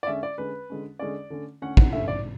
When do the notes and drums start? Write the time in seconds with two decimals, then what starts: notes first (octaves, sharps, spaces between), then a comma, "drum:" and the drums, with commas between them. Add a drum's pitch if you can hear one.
0.03 D5
0.07 D3 G#3 C#4 E5
0.23 D5
0.38 D3 G#3 C#4 B4
0.70 D3 G#3 C#4
0.99 D3 G#3 C#4 D5
1.30 D3 A3 C#4
1.62 D3 A3 C#4 F#5
1.77 F#5, drum: kick
1.93 D3 A3 C#4 E5
2.08 D5